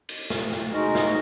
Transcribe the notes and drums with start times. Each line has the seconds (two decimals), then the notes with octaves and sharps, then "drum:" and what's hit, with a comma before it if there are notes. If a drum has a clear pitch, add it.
0.09 drum: cymbal
0.30 drum: snare
0.52 drum: snare
0.74 G#3 D#4 F#4 A#4
0.95 drum: snare